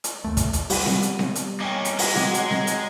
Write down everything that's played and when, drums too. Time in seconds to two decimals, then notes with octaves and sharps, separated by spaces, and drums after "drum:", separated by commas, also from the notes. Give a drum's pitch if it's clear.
0.04 drum: hi-hat
0.24 D#2 A3
0.37 drum: kick, hi-hat
0.53 drum: hi-hat
0.70 G3 B3 G4 D#7, drum: open hi-hat
0.86 drum: snare C4
1.03 drum: hi-hat
1.19 drum: snare C4
1.35 drum: hi-hat
1.60 A#3 C#4 D#4 G5 G#5 D6
1.85 drum: hi-hat
1.99 G#3, drum: open hi-hat
2.16 F#3 F#5 G5 D6, drum: snare C4
2.34 drum: hi-hat
2.51 drum: snare C4
2.67 drum: hi-hat